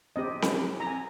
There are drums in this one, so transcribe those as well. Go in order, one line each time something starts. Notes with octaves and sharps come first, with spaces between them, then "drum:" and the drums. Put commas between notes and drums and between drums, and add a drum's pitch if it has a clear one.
C4 G4 D#5
drum: snare C4
A#5
G#5